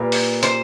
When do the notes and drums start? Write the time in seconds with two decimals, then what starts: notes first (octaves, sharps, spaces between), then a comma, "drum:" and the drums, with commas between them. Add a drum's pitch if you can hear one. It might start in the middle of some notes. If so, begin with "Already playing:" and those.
Already playing: A#2 G3 A#3 B4
0.12 drum: open hi-hat
0.43 C5, drum: hi-hat